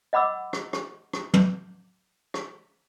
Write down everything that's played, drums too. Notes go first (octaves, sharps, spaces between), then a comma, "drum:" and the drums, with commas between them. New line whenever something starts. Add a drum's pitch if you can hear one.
D#5 F#5 B5 D6 E6
drum: rim click
drum: rim click
drum: rim click
drum: tom
drum: rim click